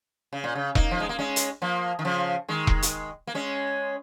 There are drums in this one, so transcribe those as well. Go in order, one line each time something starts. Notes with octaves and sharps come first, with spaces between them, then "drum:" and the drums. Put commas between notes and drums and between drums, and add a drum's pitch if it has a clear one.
C#3
A#2
C#3
A#3 D#4, drum: kick E1
F3
G#3
A#3
G#3 C#4
drum: hi-hat
F3 A#3
D#3
C#3 F3
D#3 G#3
drum: kick E1
drum: hi-hat
A#3
G#3 C#4